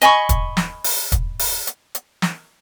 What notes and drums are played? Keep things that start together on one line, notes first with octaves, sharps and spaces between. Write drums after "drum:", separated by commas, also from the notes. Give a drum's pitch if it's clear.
D#5 G#5 B5 C#6, drum: hi-hat
drum: kick, hi-hat
drum: snare
drum: open hi-hat
drum: kick, hi-hat
drum: open hi-hat
drum: hi-hat
drum: hi-hat
drum: snare